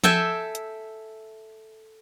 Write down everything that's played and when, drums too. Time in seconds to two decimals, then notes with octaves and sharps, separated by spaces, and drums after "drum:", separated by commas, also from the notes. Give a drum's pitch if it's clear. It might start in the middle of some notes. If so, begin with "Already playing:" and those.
0.04 A4 E5 G5 G#5, drum: tom F3
0.55 drum: hi-hat